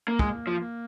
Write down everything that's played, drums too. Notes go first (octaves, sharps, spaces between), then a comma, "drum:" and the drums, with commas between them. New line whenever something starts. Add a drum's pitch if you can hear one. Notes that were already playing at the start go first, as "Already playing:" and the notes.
A#3
G#3 A#3, drum: kick
F3
A#3